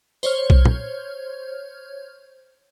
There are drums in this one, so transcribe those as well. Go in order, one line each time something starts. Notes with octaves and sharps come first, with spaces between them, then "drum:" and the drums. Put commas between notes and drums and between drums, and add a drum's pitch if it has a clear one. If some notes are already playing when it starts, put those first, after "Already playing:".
C5 C#5 F6, drum: tambourine
drum: kick B1
drum: tom